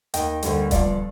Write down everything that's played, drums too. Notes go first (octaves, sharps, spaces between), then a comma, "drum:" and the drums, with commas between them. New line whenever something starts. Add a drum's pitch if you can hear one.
D#2 D#3 A#3 D#5 G5, drum: hi-hat
D2 D3 G3 A#3, drum: hi-hat
G1 G2 F3 D5 F5, drum: kick D#1, hi-hat